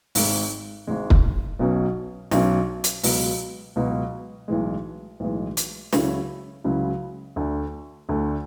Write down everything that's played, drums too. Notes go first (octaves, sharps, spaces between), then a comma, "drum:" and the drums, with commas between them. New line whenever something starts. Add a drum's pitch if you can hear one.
G#1 G#2 G#3, drum: open hi-hat
G#1 G#2 G#3
drum: kick
B1 B2 F#3 C#4
B1 B2 F#3 C#4, drum: snare
drum: hi-hat
C#2 B2 F#3, drum: open hi-hat
C#2 B2 F#3
B1 A2 E3 G#3
B1 A2 E3 G#3
drum: hi-hat
C#2 C#3 F#3 C#4 E4, drum: snare
C#2 C#3 F#3 C#4 E4
D2 D3 A3
D2 D3 A3